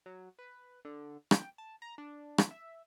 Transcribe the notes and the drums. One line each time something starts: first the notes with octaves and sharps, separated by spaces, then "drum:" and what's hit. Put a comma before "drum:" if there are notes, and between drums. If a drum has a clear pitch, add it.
F#3
B4
D3
G5, drum: rim click
A5
A#5
D4
drum: rim click
E5